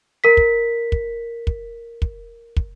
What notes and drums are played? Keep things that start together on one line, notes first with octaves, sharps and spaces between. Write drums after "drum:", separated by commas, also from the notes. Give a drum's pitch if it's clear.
A#4 B6
drum: kick
drum: kick
drum: kick
drum: kick
drum: kick